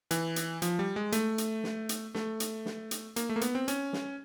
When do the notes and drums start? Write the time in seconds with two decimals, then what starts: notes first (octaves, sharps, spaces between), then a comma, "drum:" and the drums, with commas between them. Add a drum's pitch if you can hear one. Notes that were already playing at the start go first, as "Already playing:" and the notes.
0.11 E3, drum: hi-hat
0.36 drum: hi-hat
0.62 F3, drum: hi-hat
0.79 G3
0.96 G#3
1.12 A3, drum: hi-hat
1.38 drum: hi-hat
1.64 drum: snare
1.89 drum: hi-hat
2.15 A3, drum: snare
2.40 drum: hi-hat
2.66 drum: snare
2.91 drum: hi-hat
3.16 A#3, drum: hi-hat
3.29 A3
3.36 A#3
3.41 B3, drum: hi-hat
3.55 C4
3.68 C#4, drum: hi-hat
3.93 drum: snare